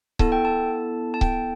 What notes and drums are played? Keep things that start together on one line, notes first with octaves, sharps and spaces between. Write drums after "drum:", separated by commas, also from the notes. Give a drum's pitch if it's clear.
B3 E4 A4 A5, drum: kick C#1
G5
A5
A5
G5, drum: kick C#1